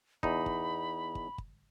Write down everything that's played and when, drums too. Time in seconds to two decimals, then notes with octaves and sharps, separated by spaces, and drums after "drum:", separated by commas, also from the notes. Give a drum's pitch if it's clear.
0.23 E2 D#4 B5, drum: kick
0.46 drum: kick
1.15 drum: kick
1.38 drum: kick